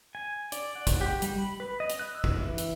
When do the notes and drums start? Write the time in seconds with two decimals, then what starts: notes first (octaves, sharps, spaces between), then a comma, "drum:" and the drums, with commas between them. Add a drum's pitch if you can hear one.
0.15 G#5
0.52 D5, drum: hi-hat
0.75 F#5
0.87 drum: kick, hi-hat
1.01 G4
1.22 G3, drum: hi-hat
1.38 B5
1.60 B4
1.80 D#5
1.90 drum: hi-hat
1.99 F#6
2.15 E6
2.24 drum: kick
2.38 E3
2.58 drum: hi-hat